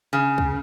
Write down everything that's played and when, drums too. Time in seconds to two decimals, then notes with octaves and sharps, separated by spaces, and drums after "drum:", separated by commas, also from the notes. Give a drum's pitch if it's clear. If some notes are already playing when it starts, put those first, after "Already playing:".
0.13 C#3
0.38 drum: kick